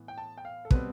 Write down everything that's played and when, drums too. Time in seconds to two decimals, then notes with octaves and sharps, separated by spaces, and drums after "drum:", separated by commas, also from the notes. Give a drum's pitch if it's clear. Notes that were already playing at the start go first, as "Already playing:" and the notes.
Already playing: A2 E3 B3
0.08 G5
0.18 A5
0.38 G5
0.45 F5
0.65 A4
0.71 B2 G3 C4 B4, drum: kick